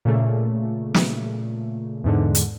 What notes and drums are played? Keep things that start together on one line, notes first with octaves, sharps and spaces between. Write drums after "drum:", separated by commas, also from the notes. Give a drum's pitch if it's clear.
A#2 C#3 A3
drum: snare
E2 G#2 D3
drum: hi-hat